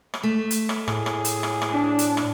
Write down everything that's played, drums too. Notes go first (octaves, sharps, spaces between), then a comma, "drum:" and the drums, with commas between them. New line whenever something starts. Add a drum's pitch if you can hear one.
drum: rim click
A3
drum: hi-hat
drum: rim click
A2 G#4, drum: rim click
drum: rim click
drum: hi-hat
drum: rim click
drum: rim click
D4
drum: hi-hat
drum: rim click